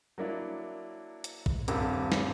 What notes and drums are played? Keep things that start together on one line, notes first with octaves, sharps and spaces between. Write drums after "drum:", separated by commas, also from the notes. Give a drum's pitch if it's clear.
F#3 A#3 D4 E4
drum: hi-hat
drum: kick
D#1 G2 A#3 C4 E6, drum: hi-hat
drum: snare